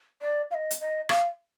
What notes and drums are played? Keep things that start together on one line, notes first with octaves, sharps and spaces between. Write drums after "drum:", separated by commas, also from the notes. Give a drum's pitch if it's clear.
D5
F5
D#5
drum: hi-hat
D#5
F5, drum: rim click